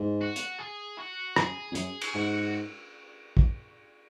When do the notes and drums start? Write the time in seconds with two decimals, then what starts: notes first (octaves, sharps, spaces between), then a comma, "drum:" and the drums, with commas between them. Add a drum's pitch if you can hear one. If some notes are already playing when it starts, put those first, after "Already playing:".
Already playing: G#2
0.21 F#4
0.36 drum: hi-hat
0.59 G#4
0.98 F#4
1.36 F#2 G#4, drum: rim click
1.71 F2
1.75 F#2 G#4, drum: hi-hat
2.01 drum: cymbal
2.14 G#2 F#4
3.37 drum: kick